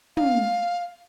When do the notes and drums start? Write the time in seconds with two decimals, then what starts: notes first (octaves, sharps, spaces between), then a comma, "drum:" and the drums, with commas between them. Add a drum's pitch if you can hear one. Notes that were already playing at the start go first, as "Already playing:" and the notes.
0.17 F5, drum: tom